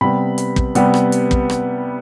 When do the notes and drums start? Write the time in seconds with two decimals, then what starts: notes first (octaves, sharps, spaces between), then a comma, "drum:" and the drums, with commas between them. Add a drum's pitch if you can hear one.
0.01 C3 G3 B3 B5
0.38 drum: hi-hat
0.56 drum: kick
0.75 C3 G3 B3, drum: hi-hat
0.94 drum: rim click
1.12 drum: hi-hat
1.31 drum: kick
1.50 drum: rim click